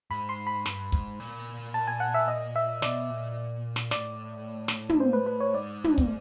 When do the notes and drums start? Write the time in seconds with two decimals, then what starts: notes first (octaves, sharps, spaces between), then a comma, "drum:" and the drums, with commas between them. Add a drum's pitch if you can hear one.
0.11 G#2 B5
0.29 C6
0.47 B5
0.66 G2, drum: snare
0.92 G#2, drum: kick
1.20 A#2
1.74 A5
1.87 G#5
2.00 F#5
2.14 E5
2.28 D#5
2.56 E5
2.82 B2 D5, drum: snare
3.10 A#2
3.76 drum: snare
3.91 A2 D5, drum: snare
4.68 drum: snare
4.89 drum: tom
5.00 C5
5.13 B4
5.26 B4
5.40 C#5
5.53 G#2 D5
5.84 drum: tom
5.98 drum: kick